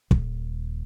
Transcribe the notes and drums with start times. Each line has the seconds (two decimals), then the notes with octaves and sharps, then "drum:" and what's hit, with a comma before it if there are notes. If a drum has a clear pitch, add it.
0.11 D#1 D#2, drum: kick